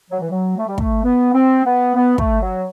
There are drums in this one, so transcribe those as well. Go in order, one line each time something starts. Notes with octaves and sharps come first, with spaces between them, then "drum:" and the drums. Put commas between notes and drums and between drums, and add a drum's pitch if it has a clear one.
F#3
E3
F#3
A3
G3
A3, drum: kick
B3
C4
B3
B3
A3, drum: kick
F#3